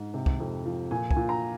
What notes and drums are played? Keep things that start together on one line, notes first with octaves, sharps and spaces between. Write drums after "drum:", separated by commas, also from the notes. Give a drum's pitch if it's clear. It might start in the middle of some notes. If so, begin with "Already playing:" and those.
Already playing: G#2
C3
drum: kick
F2
F3
A#2 G#5
G#5, drum: kick
A#2
A#5